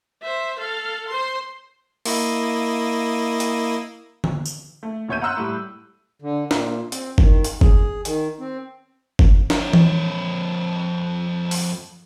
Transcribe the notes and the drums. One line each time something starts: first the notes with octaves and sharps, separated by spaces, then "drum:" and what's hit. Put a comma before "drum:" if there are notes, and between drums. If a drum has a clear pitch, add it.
C5 E5
A4 F5
C5 C6
A#3 E4 D#5, drum: open hi-hat
drum: hi-hat
drum: tom D3
drum: tambourine
A3
D#1 B2 C#5 E5 G6 D#7
F#5 A#5 C6 E6 F#6 G6
A2 G3
D3
A#2, drum: snare
C4, drum: hi-hat
D#3, drum: kick F#1
drum: hi-hat
G#4, drum: kick F#1
D#3, drum: hi-hat
C4
drum: kick F#1
F2 C#5, drum: snare
drum: tom E3
drum: open hi-hat